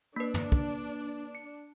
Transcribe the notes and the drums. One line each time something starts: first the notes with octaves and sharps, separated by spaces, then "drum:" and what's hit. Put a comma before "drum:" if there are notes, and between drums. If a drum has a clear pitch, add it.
A#3 D4 B4
drum: tom
drum: kick
C#7